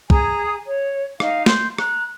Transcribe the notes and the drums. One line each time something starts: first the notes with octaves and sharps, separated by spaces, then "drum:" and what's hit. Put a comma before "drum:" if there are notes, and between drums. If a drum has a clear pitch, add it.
G#4 G#5 A#5 D#6, drum: kick
C#5
D#4 F5, drum: rim click
C6 G6, drum: snare
A#5 F#6, drum: rim click